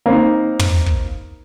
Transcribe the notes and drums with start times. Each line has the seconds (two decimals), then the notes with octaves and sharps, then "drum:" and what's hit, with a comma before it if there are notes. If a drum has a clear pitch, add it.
0.06 A#3 C4 D#4
0.59 drum: tom
0.86 drum: kick